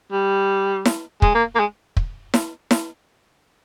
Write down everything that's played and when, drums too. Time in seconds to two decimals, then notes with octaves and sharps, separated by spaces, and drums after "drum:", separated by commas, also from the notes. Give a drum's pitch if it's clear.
0.12 G3
0.85 drum: snare E4
1.22 G#3, drum: kick
1.35 A#3
1.55 A#3
1.60 G#3
1.97 drum: kick
2.34 drum: snare E4
2.71 drum: snare E4